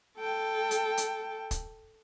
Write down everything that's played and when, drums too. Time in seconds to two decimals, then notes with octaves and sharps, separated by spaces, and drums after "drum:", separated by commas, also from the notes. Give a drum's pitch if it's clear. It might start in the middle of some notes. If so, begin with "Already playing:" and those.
0.17 A4 G5
0.71 drum: hi-hat
0.97 drum: hi-hat
1.51 drum: kick, hi-hat